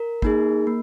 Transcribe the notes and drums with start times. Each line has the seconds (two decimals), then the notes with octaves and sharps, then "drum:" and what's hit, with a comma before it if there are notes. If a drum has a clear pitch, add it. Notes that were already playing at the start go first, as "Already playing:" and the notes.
Already playing: A#4
0.22 A#3 D#4 G#4, drum: kick
0.67 A#3